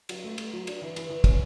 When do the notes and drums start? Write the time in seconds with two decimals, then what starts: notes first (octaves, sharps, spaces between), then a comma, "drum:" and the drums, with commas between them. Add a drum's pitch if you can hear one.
0.09 F#3, drum: cymbal
0.24 A3
0.38 A3, drum: cymbal
0.53 F#3
0.67 D4, drum: cymbal
0.82 E3
0.96 E3, drum: cymbal
1.10 E3
1.24 C#4, drum: kick, cymbal